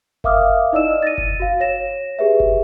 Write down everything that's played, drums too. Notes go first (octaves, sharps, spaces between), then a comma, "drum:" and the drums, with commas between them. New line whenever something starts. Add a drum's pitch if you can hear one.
A#4 E5 F5 D6 D#6 F6, drum: kick F#1
D#4 E4 D5 D#5 E6 E7
A6 A#6 D#7
drum: kick F#1
F#4 F5
C#5 A#6 E7
G4 G#4 B4 E5
drum: kick F#1